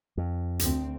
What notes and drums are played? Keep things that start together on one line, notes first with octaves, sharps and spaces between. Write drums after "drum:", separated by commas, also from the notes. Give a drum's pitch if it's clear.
F2
D2 C4, drum: hi-hat